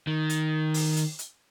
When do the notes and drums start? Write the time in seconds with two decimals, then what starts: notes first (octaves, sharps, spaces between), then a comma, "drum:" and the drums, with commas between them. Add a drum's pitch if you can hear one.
0.07 D#3
0.30 drum: hi-hat
0.74 drum: open hi-hat
0.96 drum: hi-hat
1.19 drum: hi-hat